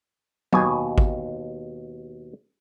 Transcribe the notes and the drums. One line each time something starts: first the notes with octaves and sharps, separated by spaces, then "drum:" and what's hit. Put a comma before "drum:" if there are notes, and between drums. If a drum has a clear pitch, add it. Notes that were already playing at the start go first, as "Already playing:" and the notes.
D#2 B2 G#5, drum: tom
drum: kick